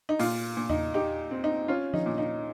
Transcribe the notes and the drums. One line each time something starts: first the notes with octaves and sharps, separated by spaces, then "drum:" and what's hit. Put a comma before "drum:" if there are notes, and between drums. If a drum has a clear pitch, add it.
D#4
A#2 F4, drum: open hi-hat
A#2
D#4, drum: tom E2
D#4 G4
C4
D#4
C#4 F4
D#4, drum: tom F3
A#2
D#4